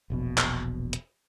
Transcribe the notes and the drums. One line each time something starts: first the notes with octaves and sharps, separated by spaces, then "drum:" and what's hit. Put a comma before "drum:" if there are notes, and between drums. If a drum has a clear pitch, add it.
E1 A#1 B2
drum: clap
drum: hi-hat